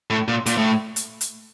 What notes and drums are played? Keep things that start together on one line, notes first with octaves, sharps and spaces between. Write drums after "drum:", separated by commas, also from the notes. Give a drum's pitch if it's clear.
A2
A#2
A#2, drum: hi-hat
A2
drum: hi-hat
drum: hi-hat